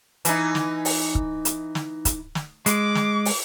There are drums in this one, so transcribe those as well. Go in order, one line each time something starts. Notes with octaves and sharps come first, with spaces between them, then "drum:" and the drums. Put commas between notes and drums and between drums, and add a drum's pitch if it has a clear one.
E3 D#4, drum: hi-hat
drum: snare
drum: open hi-hat
drum: kick
drum: hi-hat
drum: snare
drum: kick, hi-hat
drum: snare
G#3 D6, drum: hi-hat
drum: snare
drum: open hi-hat